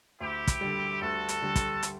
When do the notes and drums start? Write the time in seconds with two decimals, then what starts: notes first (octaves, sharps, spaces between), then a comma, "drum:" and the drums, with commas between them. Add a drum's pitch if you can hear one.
0.20 D2 E4 G4
0.47 drum: kick, hi-hat
0.61 D3 G3
1.01 D2 F#4 A4
1.29 drum: hi-hat
1.42 D3 G3
1.56 drum: kick, hi-hat
1.83 drum: hi-hat